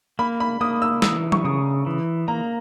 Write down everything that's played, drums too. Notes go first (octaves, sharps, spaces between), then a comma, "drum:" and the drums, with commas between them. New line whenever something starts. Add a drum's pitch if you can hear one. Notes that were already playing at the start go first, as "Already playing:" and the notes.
A#3 B5
B5
A#3 D#6
E6
E3 E6, drum: snare
C#6, drum: tom F#3
C#3 D#6
E3
A#3 A#5